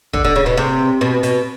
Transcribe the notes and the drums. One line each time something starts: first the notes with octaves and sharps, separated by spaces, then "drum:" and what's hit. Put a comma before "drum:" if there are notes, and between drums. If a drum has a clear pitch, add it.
D3, drum: kick
D3
C#3
B2
C3
B2
B2, drum: hi-hat